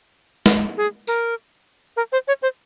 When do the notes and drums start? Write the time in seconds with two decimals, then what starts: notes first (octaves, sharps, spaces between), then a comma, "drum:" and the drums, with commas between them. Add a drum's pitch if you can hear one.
0.46 drum: snare
0.77 G#4
1.07 A#4, drum: tambourine
1.97 A#4
2.12 C5
2.28 C#5
2.42 C5